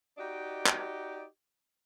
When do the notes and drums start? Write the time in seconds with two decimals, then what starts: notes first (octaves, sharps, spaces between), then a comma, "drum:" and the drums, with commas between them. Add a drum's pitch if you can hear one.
0.18 D#4 F#4 G4 D5 D#5
0.66 drum: clap